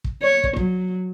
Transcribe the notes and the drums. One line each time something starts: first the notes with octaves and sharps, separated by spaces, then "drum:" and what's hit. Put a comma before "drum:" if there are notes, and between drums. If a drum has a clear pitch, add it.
drum: kick
C#5
drum: kick
F#3, drum: kick